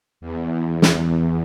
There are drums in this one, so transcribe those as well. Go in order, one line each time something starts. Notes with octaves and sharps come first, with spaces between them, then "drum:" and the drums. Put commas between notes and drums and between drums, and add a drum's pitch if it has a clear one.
E2
drum: snare